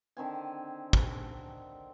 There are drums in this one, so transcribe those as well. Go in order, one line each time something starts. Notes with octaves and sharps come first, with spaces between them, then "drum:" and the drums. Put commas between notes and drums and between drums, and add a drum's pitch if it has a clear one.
D3 D#3 C4 G#5
drum: kick